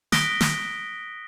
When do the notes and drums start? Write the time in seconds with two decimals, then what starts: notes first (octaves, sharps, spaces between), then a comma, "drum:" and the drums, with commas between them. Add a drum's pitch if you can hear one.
0.12 D#6 F#6 A#6 B6 D7 G7, drum: snare
0.41 drum: snare